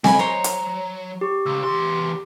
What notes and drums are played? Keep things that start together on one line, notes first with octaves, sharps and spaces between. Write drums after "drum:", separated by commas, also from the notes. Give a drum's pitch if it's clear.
C4 A4 D#5 G#5 B5, drum: snare C4
F#3 C5 C#5 A#5
drum: hi-hat
G4 C#6
C#2 E6
E2 G4 C6